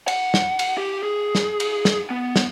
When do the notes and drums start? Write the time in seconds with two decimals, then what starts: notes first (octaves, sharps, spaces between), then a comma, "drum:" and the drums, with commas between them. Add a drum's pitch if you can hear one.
0.08 F#5, drum: cymbal
0.34 drum: snare
0.59 drum: cymbal
0.78 G4
1.03 G#4
1.35 drum: snare
1.60 drum: cymbal
1.85 drum: snare
2.10 B3
2.36 drum: snare